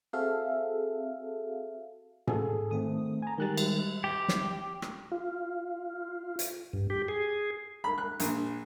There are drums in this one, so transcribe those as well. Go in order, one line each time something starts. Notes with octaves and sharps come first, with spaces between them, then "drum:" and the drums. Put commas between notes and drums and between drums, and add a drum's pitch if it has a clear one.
C4 F#4 G#4 A4 E5 F5
G#4 A4, drum: tom
D#3 A3 C4 A4 D#6
G#5 A#5
D#3 G3 G#3 F#6 A6
drum: cymbal
G4
drum: snare
drum: rim click
F4
drum: hi-hat
G2
G4
G#4
B5
F#6
A#1, drum: hi-hat